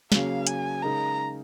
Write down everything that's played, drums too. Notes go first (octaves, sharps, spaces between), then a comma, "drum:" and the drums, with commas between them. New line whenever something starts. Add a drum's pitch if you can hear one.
C#3 F#3 A#3 C#4 F5, drum: snare
G#5, drum: hi-hat
C#3 G#3 D#4 A#4 A#5